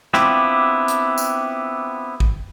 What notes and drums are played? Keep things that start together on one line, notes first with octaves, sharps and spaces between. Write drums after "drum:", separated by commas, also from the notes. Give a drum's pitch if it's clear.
B3 C4 D4 E4 F4 G4, drum: snare
drum: hi-hat
drum: tambourine
drum: kick